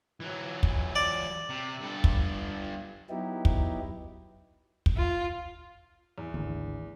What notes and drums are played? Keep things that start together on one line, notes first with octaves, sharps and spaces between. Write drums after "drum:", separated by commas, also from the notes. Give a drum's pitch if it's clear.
E3 F#3
drum: kick
D5
C3
G2 A4
drum: kick
F#3 B3 D#4 E4 G4
drum: kick
drum: kick
F4
E2
G#1 D2